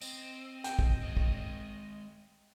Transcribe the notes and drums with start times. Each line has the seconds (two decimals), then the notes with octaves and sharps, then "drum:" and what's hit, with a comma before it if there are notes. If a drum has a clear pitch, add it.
0.01 C4 D#5, drum: tambourine
0.64 G5, drum: hi-hat
0.79 drum: kick
1.02 G#3 C4
1.17 drum: kick